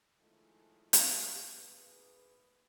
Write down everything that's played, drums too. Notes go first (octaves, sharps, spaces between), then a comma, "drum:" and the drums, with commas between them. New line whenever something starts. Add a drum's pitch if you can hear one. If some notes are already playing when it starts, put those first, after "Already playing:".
D#3 F3 G#3 A3 C#4 E4
drum: hi-hat
G#1 G2 A#3 G#4 B4